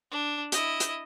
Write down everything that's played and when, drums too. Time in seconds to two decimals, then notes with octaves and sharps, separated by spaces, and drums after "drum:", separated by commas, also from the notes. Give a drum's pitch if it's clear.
0.11 D4
0.52 E4 D#5, drum: hi-hat
0.80 drum: hi-hat